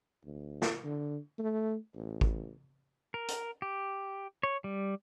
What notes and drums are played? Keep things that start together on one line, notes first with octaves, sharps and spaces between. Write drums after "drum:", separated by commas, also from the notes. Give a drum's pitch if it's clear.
D2
drum: snare
D3
A3
A1
drum: kick
A#4
drum: hi-hat
G4
C#5
G3